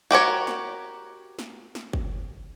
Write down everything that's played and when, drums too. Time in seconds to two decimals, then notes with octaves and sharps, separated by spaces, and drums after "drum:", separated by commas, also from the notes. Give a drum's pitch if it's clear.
0.11 F#4 G4 A#4 C#5
0.47 drum: snare
1.39 drum: snare
1.75 drum: snare
1.93 drum: kick